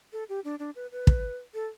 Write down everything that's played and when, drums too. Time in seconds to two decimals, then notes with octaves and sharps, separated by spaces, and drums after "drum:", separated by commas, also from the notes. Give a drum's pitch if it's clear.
0.13 A4
0.29 G4
0.44 D4
0.59 D4
0.76 B4
0.92 B4
1.07 drum: kick
1.54 A4